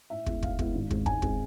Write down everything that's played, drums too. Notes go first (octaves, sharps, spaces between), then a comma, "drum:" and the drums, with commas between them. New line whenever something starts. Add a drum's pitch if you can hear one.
A2 E5
G#3 B3 E4, drum: kick
A2 F5, drum: kick
G#3 B3 E4, drum: kick
G#1
G#2 G#3 C4, drum: kick
G#1 G#5, drum: kick
G#3 C4, drum: kick